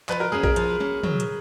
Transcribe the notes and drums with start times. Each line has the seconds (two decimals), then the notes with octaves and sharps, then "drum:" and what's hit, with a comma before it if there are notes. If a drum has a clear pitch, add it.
0.09 F3 B4, drum: clap
0.20 A#4
0.32 A#3 C#4 G#4
0.43 A#4, drum: kick A#1
0.56 F3, drum: hi-hat
0.80 A#3 C#4
1.03 F#3, drum: tom
1.20 drum: hi-hat